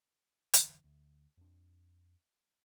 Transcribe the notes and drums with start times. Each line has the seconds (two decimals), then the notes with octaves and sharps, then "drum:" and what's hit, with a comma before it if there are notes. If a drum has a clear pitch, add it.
0.53 F1 D3 E3 F#3, drum: hi-hat
0.84 D2
1.37 F2 D4